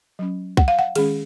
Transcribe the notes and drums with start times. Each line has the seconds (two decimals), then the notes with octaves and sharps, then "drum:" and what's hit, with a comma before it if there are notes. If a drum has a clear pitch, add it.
0.19 F#3 C#4
0.57 F#5, drum: kick
0.68 F5
0.79 F#5
0.95 D#3 G#3 C#4 G#4, drum: cymbal